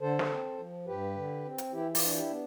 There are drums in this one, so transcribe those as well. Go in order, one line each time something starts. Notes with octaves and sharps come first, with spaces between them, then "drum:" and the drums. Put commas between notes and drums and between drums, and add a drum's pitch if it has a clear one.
D3 A4 C5
drum: snare
C4
F3
G2 G4 B4
D3
C4
drum: hi-hat
E3 E4 G4
F4, drum: open hi-hat
D4
E4 G4
B3